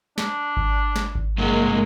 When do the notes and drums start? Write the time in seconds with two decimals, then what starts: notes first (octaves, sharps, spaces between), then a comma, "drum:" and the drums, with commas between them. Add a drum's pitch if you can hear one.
0.18 D4, drum: snare
0.57 drum: kick G#1
0.96 drum: snare
1.15 drum: kick G#1
1.38 G2 C3 F#3 G#3 A#3